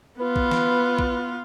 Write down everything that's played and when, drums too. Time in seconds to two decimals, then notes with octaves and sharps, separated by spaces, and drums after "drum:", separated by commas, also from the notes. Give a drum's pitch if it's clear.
0.20 B3 F4 B4
0.36 drum: kick
0.51 drum: snare
0.99 drum: kick